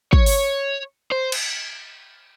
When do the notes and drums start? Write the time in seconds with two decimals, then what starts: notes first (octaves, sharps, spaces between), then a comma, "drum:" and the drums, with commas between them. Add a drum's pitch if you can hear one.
0.13 C#5, drum: kick
0.26 drum: open hi-hat
1.12 C5
1.32 drum: cymbal